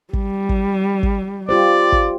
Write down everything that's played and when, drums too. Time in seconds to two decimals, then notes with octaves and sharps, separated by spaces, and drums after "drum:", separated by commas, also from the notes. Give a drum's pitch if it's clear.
0.13 G3, drum: kick
0.49 drum: kick
1.03 drum: kick
1.49 F4 G4 C5 D5
1.92 drum: kick